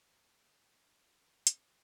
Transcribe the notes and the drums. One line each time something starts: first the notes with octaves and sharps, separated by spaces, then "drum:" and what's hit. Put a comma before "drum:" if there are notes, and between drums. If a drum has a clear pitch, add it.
C5 G#5 A#5
C#5 G#5
C3 C#4, drum: hi-hat